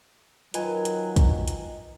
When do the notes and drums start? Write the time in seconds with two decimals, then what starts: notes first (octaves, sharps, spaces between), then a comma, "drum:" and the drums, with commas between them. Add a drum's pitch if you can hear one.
0.54 D#3 F#3 F4 B4 D#5 G#5, drum: hi-hat
0.85 drum: hi-hat
1.16 drum: kick, hi-hat
1.48 drum: hi-hat